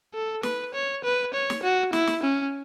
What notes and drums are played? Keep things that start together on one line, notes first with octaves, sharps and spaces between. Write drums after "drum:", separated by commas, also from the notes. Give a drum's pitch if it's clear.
A4
B4, drum: snare
C#5
B4
C#5
drum: snare
F#4
E4, drum: snare
drum: snare
C#4